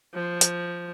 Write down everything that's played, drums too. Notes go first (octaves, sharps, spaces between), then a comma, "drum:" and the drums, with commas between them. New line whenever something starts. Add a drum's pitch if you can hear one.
F3
drum: hi-hat